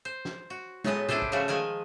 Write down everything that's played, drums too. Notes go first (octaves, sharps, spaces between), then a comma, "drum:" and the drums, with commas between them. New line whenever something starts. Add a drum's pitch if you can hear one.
C5
drum: snare
F#4
A2 F#3 G#3 B3 B4 A5, drum: tom
D4 E4 G4 A4 B4 C5, drum: tom
drum: kick
C#3 F3 G3 A3 F#4
D#3 F3 G#3 G#5